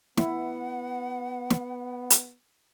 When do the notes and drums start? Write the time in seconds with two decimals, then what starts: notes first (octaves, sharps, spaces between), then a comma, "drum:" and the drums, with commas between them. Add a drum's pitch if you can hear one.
0.17 B3 E4 F#5, drum: snare
1.50 drum: snare
2.10 drum: hi-hat